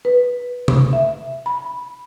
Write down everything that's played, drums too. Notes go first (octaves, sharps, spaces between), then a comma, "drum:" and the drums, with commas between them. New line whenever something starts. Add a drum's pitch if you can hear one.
B4
drum: tom C3
E5
B5